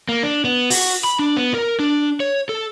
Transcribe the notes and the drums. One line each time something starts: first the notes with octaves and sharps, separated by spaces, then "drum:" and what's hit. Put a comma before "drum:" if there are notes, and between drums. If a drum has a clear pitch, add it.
A#3
D4
B3
F#4, drum: open hi-hat
B5
D4
B3
A#4
D4
C#5
A4